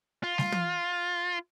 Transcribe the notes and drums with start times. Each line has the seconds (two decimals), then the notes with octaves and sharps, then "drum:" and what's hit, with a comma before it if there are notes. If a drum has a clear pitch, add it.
0.24 F4
0.38 drum: snare G3
0.52 drum: tom